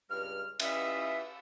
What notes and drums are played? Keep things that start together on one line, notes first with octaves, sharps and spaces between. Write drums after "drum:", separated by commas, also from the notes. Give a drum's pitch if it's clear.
C#2 G2 G3 F6
E3 G3 C#4 F4 D#5 E5, drum: cymbal